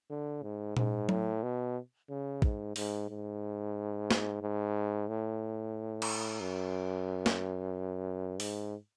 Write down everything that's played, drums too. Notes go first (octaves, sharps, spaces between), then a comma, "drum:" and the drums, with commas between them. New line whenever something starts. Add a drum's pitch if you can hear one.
D3
G#2
G#2, drum: tom A#2
A2, drum: tom F#3
B2
C#3
G#2, drum: kick
G#2, drum: open hi-hat
G#2
drum: snare
G#2
A2
drum: cymbal
F#2
drum: snare
G#2, drum: open hi-hat